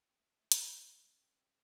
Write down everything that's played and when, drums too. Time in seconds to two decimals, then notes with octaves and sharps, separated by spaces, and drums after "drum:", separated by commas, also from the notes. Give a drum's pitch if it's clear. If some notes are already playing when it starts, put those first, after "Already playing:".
0.07 C4
0.17 C#2 A3
0.34 C#2
0.40 A3
0.52 E3, drum: hi-hat
0.63 G#3
0.69 C#3
0.85 C#2 F#3
1.03 C#2 G#3
1.21 E3 C4
1.39 C#3 C4